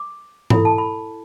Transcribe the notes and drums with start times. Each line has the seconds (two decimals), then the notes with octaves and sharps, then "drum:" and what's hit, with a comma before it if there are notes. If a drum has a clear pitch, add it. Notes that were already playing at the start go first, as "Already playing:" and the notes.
Already playing: D6
0.50 E4 A4 B5, drum: tom G#2
0.65 A5
0.78 B5